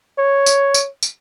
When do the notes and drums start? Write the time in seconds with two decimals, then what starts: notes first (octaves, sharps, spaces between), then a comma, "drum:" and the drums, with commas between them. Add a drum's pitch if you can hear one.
0.18 C#5
0.46 drum: tambourine
0.74 drum: tambourine
1.03 drum: tambourine